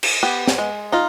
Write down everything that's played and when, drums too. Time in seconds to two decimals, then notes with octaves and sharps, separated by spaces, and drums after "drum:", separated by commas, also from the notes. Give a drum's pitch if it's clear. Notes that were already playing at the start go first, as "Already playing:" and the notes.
0.03 drum: cymbal
0.23 B3 G4
0.48 drum: snare
0.58 G#3
0.92 D#4 F4